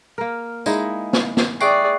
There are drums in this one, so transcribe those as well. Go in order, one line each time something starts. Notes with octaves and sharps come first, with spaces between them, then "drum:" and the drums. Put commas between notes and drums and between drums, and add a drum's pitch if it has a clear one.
A#3 A#4 F6
G#3 D#4 E4 F5, drum: tambourine
drum: snare
drum: snare
G#4 D5 E5 G5 C#6 F#6 C7 D7, drum: tambourine